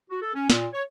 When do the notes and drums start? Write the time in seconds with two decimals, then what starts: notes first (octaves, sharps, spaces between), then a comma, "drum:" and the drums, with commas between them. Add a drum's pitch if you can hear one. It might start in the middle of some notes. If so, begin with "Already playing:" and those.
0.10 F#4
0.22 A4
0.34 C#4
0.50 A#2, drum: snare
0.73 C#5